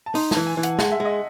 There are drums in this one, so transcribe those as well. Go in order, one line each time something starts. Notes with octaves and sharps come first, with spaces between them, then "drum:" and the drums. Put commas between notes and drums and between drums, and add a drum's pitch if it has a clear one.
A5
D#4 C6, drum: open hi-hat
A5, drum: snare
E3
G#5
E3
F#5, drum: hi-hat
G#3 F#5, drum: snare
E5
G#3
D#5